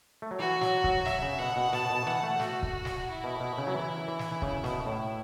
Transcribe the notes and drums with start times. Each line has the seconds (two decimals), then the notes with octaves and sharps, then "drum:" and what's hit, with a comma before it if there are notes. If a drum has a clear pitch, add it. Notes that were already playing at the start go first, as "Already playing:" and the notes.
0.22 A3
0.31 F#3
0.39 E3 F#4
0.61 F#3, drum: snare
0.84 F#3, drum: kick
1.06 F#3 E5, drum: snare
1.22 C#3
1.39 B2 F#5
1.56 B2
1.73 B2 A5, drum: snare
1.90 B2
2.07 E3 F#5
2.23 A3
2.40 A3 F#4, drum: snare
2.63 drum: kick
2.85 drum: snare
3.08 E4
3.24 B2
3.40 B2
3.58 C#3
3.67 F#3
3.75 E3
4.08 E3
4.19 drum: snare
4.32 E3
4.42 C#3, drum: kick
4.64 B2, drum: snare
4.86 A2